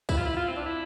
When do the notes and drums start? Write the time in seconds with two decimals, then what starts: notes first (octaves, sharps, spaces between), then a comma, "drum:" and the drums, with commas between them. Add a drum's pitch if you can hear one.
0.09 E4, drum: kick, tambourine
0.17 F4
0.25 E4
0.37 F4
0.48 C4
0.56 D4
0.65 E4